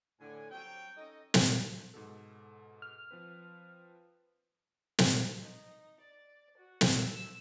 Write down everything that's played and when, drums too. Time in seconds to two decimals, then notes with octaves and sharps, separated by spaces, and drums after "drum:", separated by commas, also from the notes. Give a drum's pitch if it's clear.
0.20 A2 D3 G#5
0.51 F#3 G3 C4 C#5 G5
0.97 C#4 D#4 A4 D#5
1.34 drum: snare
1.94 G#2 B2 A4
2.82 F6
3.11 F3 C4 B4
4.99 drum: snare
5.08 C5
5.41 D#4
6.00 D5
6.57 F#4
6.81 drum: snare
6.96 E6